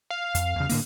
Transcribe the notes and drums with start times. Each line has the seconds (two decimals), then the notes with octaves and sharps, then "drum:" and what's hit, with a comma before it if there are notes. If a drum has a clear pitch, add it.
0.10 F5
0.35 F2, drum: hi-hat
0.56 E2 C#3
0.69 A2 D3 A#3, drum: open hi-hat